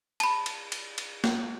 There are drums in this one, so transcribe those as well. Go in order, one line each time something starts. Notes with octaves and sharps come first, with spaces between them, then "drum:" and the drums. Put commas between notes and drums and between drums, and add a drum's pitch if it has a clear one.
A5 B5, drum: cymbal
drum: cymbal
drum: cymbal
drum: cymbal
drum: snare